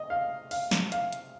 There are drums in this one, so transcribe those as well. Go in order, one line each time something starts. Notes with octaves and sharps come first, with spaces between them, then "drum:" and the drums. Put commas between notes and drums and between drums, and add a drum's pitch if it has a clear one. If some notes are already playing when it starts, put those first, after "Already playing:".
Already playing: D#5
F5
F5, drum: open hi-hat
drum: snare
F5, drum: hi-hat
drum: hi-hat